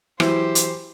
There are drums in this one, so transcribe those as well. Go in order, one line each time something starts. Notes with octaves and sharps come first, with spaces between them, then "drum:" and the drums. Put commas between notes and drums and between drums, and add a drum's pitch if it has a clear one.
E3 F#3 E4 G4 C5, drum: rim click
drum: hi-hat